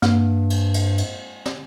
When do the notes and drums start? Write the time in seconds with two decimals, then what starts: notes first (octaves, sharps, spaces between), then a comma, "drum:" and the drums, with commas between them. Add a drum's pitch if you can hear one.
0.02 G2 A#3, drum: snare
0.50 drum: cymbal
0.74 drum: cymbal
0.98 drum: cymbal
1.46 drum: snare